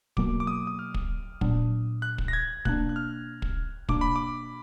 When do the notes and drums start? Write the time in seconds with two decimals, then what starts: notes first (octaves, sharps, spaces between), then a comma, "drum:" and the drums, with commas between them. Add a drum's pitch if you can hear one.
0.17 B2 F#3 A#3 D6, drum: kick
0.40 D6
0.47 D#6
0.67 D#6
0.79 F6
0.94 drum: kick
1.41 A#2 F#3 B3 D4, drum: kick
2.02 F#6
2.18 drum: kick
2.28 A#6
2.33 G#6
2.65 B2 A#3 D4 F#6, drum: kick
2.89 F#6
2.96 F6
3.42 drum: kick
3.89 B2 A#3 D4 D6, drum: kick
4.01 B5
4.16 D6